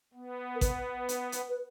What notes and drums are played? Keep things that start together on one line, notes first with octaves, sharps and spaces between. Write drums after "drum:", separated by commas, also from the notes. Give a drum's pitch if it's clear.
B3
A#4
B4, drum: kick A1, hi-hat
drum: hi-hat
drum: hi-hat
B4